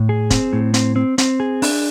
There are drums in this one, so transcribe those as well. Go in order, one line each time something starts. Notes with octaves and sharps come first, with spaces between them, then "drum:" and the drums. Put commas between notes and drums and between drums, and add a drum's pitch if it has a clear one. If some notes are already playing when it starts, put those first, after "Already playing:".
Already playing: A2
G#4
C4, drum: kick, hi-hat
A2
C4, drum: hi-hat
C4
C4, drum: hi-hat
G#4
D4, drum: open hi-hat